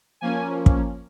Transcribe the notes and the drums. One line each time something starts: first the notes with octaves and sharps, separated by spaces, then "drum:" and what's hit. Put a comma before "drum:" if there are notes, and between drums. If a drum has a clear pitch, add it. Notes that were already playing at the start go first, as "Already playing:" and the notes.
F3 A#3 C#4 G#5
drum: kick